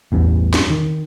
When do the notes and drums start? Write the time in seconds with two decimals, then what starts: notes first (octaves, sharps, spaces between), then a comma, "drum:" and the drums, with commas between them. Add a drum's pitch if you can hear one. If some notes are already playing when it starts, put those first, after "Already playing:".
0.12 A1 E2 G2
0.54 drum: snare
0.70 D#3